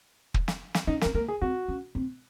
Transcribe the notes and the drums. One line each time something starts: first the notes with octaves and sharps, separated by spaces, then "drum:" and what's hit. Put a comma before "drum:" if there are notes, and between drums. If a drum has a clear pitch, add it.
drum: kick
drum: snare
drum: snare
C#4 D#4
A#4, drum: snare
C4
A#3 A#4
G#4
C4 F#4
C#4
C4